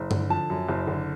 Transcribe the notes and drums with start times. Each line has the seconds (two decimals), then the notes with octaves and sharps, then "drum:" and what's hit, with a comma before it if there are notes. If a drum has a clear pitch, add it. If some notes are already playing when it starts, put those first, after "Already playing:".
Already playing: F#1
0.11 D3, drum: tom G2
0.30 F3 A5
0.50 F#2
0.69 F#1
0.87 D3